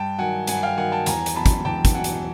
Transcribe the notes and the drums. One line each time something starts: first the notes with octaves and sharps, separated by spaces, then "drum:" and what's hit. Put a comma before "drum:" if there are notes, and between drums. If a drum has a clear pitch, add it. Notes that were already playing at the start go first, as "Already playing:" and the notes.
Already playing: G2 G5 A5
D#3 F#3 F#5 G#5
G2 F#5 G#5, drum: hi-hat
F5 G5
D#3 F#3 F#5 G#5
G5 A5
E2 G#5 A#5, drum: hi-hat
drum: hi-hat
B2 F#3 A5 B5
drum: kick, hi-hat
E2 G5 A5
drum: kick, hi-hat
B2 F#3 F#5 G#5
drum: hi-hat